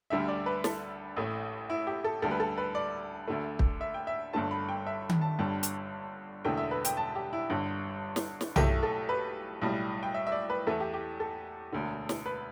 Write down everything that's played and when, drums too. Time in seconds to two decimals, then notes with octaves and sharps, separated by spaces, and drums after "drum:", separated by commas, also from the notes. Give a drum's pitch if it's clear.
0.10 D2 D3 G3 E5
0.28 D5
0.46 B4
0.64 A4, drum: snare
1.17 A1 A2 A3
1.70 E4
1.87 G4
2.04 A4
2.22 D2 D3 G3 A4
2.31 B4
2.40 A4
2.58 B4
2.75 D5
3.28 D2 D3 A3
3.59 drum: kick
3.81 E5
3.94 G5
4.07 E5
4.33 G1 G2 D3 A3 A5
4.51 B5
4.69 G5
4.86 E5
5.09 drum: tom D#3
5.21 A5
5.39 G1 G2 D3 G3 A5
5.63 drum: hi-hat
6.45 E1 E2 D3 A3 G5
6.57 E5
6.71 B4
6.85 G5, drum: hi-hat
6.97 A5
7.15 G4
7.33 E4
7.50 G1 G2 D3
8.16 drum: snare
8.41 drum: snare
8.56 B1 A2 A3 G4, drum: tom B1
8.83 A4
9.09 B4
9.61 B1 A2 G3
10.03 G5
10.14 E5
10.27 E5
10.32 D5
10.50 B4
10.67 E2 E3 A3 A4
10.80 G4
10.94 G4
11.20 A4
11.73 E1 D2 D3
12.09 drum: snare
12.26 B4